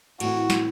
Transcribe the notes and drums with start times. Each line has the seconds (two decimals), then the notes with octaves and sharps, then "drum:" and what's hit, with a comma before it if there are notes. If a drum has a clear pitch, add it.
0.20 A2 E3 A3 C4 E4 F#4, drum: cymbal
0.50 drum: snare